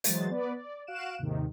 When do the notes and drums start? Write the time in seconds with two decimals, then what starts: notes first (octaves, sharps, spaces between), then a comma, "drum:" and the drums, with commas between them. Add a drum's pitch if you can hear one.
0.04 E3 F#3 G#3 C5 A6, drum: hi-hat
0.30 B3 B4 D5
0.56 D5
0.87 F#4 F5 F#6 D7 E7
1.19 D#2 G#2 C3 D#3